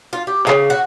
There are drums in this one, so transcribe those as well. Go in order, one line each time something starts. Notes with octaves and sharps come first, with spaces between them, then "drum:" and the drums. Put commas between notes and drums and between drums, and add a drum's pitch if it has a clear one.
F4
G4
C#3, drum: clap
F#4